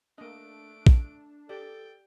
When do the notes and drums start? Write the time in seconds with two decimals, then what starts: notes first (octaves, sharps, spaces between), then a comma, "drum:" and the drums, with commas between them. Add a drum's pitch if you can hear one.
0.18 A3 A#3 D4 D#5 D7
0.87 drum: kick A#1
1.49 G4 A4 D5 G5